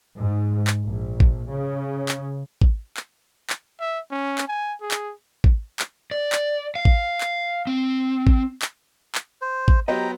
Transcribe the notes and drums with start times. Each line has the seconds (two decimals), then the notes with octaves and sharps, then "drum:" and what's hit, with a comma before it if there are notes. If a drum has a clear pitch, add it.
0.18 G#2
0.67 drum: clap
0.85 A#1
1.20 drum: kick
1.50 C#3
2.09 drum: clap
2.62 drum: kick
2.97 drum: clap
3.50 drum: clap
3.80 E5
4.11 C#4
4.38 drum: clap
4.48 G#5
4.81 G#4
4.91 drum: clap
5.44 drum: kick
5.79 drum: clap
6.11 D5
6.32 drum: clap
6.75 F5
6.85 drum: kick
7.21 drum: clap
7.67 C4
8.27 drum: kick
8.62 drum: clap
9.15 drum: clap
9.42 C5
9.68 drum: kick
9.88 F#3 B3 G4 B4 C5 D#5 G5 A#5